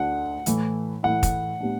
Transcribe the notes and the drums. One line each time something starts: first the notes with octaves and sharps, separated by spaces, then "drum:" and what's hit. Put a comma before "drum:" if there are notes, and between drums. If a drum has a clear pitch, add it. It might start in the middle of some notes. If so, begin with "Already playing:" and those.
Already playing: D2 D3 A3 D4 F#5
A2 E3 A3 E4, drum: hi-hat
A2 E3 A3 E4 F#5
drum: kick, hi-hat
A2 G3 B3 D4